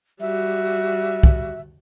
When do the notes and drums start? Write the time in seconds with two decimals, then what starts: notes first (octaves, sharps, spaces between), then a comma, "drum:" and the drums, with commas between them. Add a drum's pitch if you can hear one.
0.21 G3 F#4 E5
1.23 drum: kick